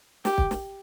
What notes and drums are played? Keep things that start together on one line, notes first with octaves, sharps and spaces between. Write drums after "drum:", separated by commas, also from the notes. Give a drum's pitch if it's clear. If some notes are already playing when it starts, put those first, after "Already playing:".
G4, drum: snare
drum: kick
drum: snare